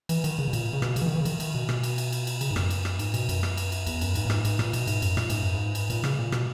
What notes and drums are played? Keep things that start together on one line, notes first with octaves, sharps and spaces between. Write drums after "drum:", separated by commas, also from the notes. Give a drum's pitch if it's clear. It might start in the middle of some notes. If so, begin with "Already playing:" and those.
E3, drum: cymbal
D#3, drum: cymbal
C#3
B2
A#2, drum: cymbal
C#3
B2, drum: rim click
C#3, drum: cymbal
E3
D#3
E3
C#3
D#3, drum: cymbal
D#3, drum: cymbal
B2
B2, drum: rim click
drum: cymbal
drum: cymbal
drum: cymbal
drum: cymbal
C#3, drum: cymbal
G#2
F#2, drum: rim click
drum: cymbal
drum: rim click
G#2, drum: cymbal
B2, drum: cymbal
F#2, drum: cymbal
drum: rim click
drum: cymbal
drum: cymbal
E2, drum: cymbal
F#2, drum: cymbal
G#2, drum: cymbal
A#2
G#2, drum: rim click
G#2, drum: cymbal
A#2, drum: rim click
B2, drum: cymbal
G#2, drum: cymbal
F#2, drum: cymbal
A#2, drum: rim click
G#2, drum: cymbal
F#2
G#2
drum: cymbal
A#2, drum: cymbal
C#3, drum: rim click
A#2
B2, drum: rim click